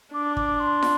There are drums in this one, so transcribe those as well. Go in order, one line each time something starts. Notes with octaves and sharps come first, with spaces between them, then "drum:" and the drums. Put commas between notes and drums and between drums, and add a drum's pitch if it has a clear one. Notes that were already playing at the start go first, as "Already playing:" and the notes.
D4 D6
D6, drum: kick
C6
drum: snare